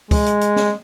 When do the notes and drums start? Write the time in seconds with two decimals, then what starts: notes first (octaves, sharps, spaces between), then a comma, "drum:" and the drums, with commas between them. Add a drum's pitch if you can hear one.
0.11 G#3, drum: kick C#2, open hi-hat
0.26 drum: hi-hat
0.41 drum: hi-hat
0.56 drum: snare